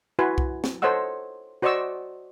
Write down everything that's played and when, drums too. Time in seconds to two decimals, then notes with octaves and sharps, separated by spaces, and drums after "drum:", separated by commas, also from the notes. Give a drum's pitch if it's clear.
0.19 E4 F#4 B4 G#5 C6
0.38 drum: kick C2
0.64 drum: snare
0.82 A4 C5 C#5 D#5 F#5 E6
1.62 F#4 C5 D5 D#5 C#6 E6